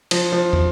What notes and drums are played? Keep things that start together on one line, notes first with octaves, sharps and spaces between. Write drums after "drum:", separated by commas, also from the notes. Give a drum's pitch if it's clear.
F3, drum: cymbal
F3
drum: tom